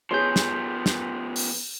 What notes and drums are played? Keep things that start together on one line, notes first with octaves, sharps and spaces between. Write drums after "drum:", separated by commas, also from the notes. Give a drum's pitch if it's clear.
F3 B3 G#4 C#5 C6 G6
drum: snare
drum: snare
drum: open hi-hat